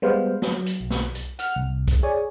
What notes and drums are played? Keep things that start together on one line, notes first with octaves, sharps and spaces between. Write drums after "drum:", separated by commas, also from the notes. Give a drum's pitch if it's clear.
G3 G#3 B3 B4 C5 F5
F#3, drum: snare
drum: hi-hat
B1
drum: snare
drum: hi-hat
F#5 F6, drum: hi-hat
C2
drum: kick, hi-hat
G#4 C#5 D5 G#5